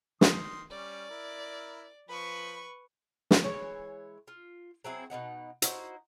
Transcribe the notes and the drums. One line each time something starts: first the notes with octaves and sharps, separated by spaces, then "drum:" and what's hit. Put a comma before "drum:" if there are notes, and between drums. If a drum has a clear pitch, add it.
D#3 C6 D#6, drum: snare
G3 C#4 D5
E4 A#4
F3 B4 B5 C#6
drum: snare
E3 G#3 C#5 E5
F4
F#3 C4 E4 G#4
B2 B3 D#4 F#5
D#4 E4 F#4 C5, drum: hi-hat